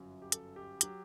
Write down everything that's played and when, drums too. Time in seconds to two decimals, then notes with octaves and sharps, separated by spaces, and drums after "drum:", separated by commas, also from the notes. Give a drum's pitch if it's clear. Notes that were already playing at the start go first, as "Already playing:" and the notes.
Already playing: G1 F#2 F#3
0.22 G4
0.32 A4, drum: hi-hat
0.56 G4
0.81 F#3 G4, drum: hi-hat